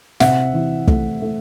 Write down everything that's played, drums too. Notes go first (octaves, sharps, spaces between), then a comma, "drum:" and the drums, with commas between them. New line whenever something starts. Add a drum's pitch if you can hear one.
C3 E5 F#5, drum: snare
E3
A3, drum: kick
A3